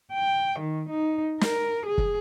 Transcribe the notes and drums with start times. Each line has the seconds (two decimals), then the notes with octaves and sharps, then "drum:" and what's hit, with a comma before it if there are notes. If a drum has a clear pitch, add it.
0.13 G5
0.60 D#3
0.90 D#4
1.41 A#4, drum: snare
1.86 G#4
1.98 drum: kick